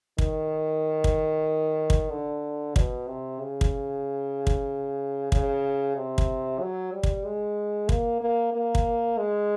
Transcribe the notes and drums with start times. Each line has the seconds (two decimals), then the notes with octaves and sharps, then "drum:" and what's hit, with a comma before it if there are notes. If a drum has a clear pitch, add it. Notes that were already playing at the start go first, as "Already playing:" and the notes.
0.18 D#3, drum: kick
1.04 drum: kick
1.90 drum: kick
2.11 D3
2.76 B2, drum: kick
3.08 C3
3.40 C#3
3.61 drum: kick
4.47 drum: kick
5.32 C#3, drum: kick
5.96 C3
6.18 drum: kick
6.60 F#3
6.93 G3
7.03 drum: kick
7.25 G#3
7.89 A#3, drum: kick
8.21 A#3
8.53 A#3
8.75 drum: kick
9.18 G#3